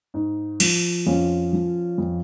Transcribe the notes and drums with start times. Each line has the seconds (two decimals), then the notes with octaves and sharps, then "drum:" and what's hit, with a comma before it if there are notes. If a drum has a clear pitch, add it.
0.14 G#2
0.60 F3, drum: cymbal
1.06 F2 C#4 F4
1.53 F3
1.98 F2